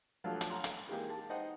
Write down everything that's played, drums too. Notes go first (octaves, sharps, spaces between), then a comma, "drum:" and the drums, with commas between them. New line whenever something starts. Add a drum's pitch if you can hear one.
F3 F#3 A3 D4 F4 G4
drum: hi-hat
F#5 A#5 C6
drum: hi-hat
E3 G#3 A#3 D#4 G4 G#4
A5
D#4 C5 D#5 F#5 G5